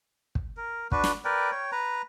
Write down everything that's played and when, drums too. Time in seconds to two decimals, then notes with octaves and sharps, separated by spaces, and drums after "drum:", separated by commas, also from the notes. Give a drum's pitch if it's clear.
0.35 drum: kick
0.57 A#4
0.92 D4 F#4 B4, drum: kick
1.04 drum: snare
1.25 A#4 B4 D5 G5
1.51 C#5 G5
1.72 B4 A#5